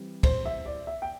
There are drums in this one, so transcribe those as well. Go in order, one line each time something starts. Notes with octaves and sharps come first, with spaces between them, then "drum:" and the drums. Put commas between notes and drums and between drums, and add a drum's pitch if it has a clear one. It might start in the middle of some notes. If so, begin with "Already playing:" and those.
Already playing: E3 G3 C4
C5, drum: kick, cymbal
E5
D5
E5
G5